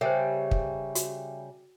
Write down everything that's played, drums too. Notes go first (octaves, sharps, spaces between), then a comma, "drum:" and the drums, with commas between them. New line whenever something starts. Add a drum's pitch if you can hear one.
C#3 G3 A#4 C5 E5
drum: kick
F#4, drum: hi-hat